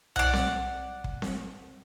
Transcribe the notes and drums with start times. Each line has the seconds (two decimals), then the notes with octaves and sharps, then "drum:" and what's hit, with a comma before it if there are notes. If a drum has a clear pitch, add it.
0.16 D5 F#5, drum: tom B1
0.33 drum: snare C4
1.04 drum: kick
1.22 drum: snare C4